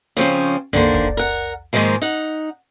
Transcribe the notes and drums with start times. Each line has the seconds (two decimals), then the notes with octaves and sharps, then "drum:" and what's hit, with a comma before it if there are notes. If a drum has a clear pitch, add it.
0.17 C#3 F3 C4 C#4, drum: hi-hat
0.73 D3 D#3 A#3 C5, drum: tom
0.94 drum: kick
1.17 A#4 F#5
1.73 G#2 D#3 F3 G#3 A#3
2.01 D#4 F#5